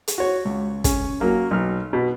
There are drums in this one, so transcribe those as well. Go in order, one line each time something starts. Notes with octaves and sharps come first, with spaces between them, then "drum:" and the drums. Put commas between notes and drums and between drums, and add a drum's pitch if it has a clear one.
drum: hi-hat
F#4 C#5
C#2
C#4, drum: kick, hi-hat
F#3 A#3 C#4
B1 F6
B2